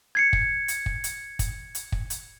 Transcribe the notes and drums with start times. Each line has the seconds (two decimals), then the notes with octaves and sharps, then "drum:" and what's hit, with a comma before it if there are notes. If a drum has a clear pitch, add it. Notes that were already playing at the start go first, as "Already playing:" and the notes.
0.15 G#6 C7 C#7
0.33 drum: kick
0.68 drum: hi-hat
0.86 drum: kick
1.04 drum: hi-hat
1.39 drum: kick, hi-hat
1.75 drum: hi-hat
1.92 drum: kick
2.10 drum: hi-hat